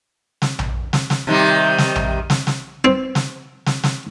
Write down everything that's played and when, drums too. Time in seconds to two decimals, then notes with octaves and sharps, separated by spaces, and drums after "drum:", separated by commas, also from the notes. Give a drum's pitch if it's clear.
0.42 drum: snare
0.59 drum: tom A#1
0.93 drum: snare
1.10 drum: snare
1.27 C3 D#3 G3
1.78 drum: snare
1.95 drum: tom A#1
2.30 drum: snare
2.47 drum: snare
2.85 C4
3.15 drum: snare
3.66 drum: snare
3.84 drum: snare